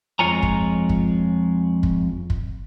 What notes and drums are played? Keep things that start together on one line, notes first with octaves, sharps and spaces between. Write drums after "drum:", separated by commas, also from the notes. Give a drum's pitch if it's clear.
F2 G#3 F4 C#5 G#5 A#5
drum: kick
drum: kick
drum: kick
drum: kick